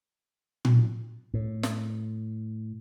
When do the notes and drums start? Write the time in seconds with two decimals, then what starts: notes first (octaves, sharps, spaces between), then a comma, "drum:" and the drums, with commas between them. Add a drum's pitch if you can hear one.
0.65 drum: tom A#2
1.34 A2
1.63 drum: snare